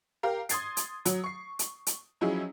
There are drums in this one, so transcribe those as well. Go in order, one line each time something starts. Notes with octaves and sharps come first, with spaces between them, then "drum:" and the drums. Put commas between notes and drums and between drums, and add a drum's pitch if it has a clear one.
G4 A#4 F5
C6 D#6 G#6 A6 C7, drum: hi-hat
drum: hi-hat
F#3, drum: hi-hat
C#6 C7
drum: hi-hat
drum: hi-hat
F3 F#3 C#4 D#4 E4 G#4